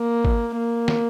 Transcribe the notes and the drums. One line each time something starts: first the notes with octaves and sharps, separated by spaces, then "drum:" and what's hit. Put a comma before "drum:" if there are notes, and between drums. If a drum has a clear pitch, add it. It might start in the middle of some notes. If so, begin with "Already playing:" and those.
Already playing: A#3
drum: kick
A#3
drum: snare